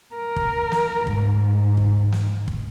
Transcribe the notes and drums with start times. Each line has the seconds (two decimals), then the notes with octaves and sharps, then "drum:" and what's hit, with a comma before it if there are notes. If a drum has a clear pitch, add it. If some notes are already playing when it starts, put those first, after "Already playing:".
0.15 A#4
0.36 drum: kick
0.72 drum: snare
1.07 G#2, drum: kick
1.77 drum: kick
2.12 drum: snare
2.48 drum: kick